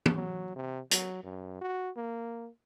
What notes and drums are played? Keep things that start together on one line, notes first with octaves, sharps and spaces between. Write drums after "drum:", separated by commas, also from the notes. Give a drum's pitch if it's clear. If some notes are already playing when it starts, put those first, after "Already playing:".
drum: tom
F#3
C3
F#3, drum: hi-hat
F#2
F#4
A#3